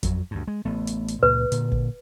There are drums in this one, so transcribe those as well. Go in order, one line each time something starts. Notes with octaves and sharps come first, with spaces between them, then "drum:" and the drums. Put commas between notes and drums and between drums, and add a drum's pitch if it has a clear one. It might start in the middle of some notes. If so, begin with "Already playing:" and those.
F2 F#3, drum: kick, hi-hat
D2 G2
G#3
A1 A3 B3
drum: hi-hat
drum: hi-hat
C#2 A#2 B4
A#2 D3, drum: hi-hat
drum: kick